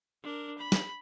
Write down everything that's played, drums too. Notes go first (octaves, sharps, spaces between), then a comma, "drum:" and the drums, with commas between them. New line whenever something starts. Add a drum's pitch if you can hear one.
D4 A#4
B5
drum: snare